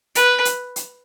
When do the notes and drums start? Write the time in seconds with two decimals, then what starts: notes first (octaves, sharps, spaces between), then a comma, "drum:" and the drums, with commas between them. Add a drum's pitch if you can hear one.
0.15 B4, drum: hi-hat
0.45 drum: hi-hat
0.76 drum: hi-hat